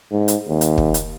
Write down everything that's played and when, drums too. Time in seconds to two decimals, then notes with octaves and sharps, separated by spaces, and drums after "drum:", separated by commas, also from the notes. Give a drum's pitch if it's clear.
0.11 G#2
0.28 drum: hi-hat
0.48 D#2
0.61 drum: hi-hat
0.78 drum: kick
0.94 drum: hi-hat